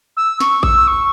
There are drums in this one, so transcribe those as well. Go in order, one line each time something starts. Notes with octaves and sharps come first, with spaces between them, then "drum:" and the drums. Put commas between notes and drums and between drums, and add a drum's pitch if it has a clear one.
E6
C#6, drum: snare
E6, drum: kick A1
C#6